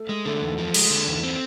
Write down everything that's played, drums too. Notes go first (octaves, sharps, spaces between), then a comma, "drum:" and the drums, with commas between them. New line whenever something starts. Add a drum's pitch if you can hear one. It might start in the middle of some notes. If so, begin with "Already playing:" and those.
Already playing: A3
G#3
D3 A3
E2
F3
G#3, drum: cymbal
D3
E2
C4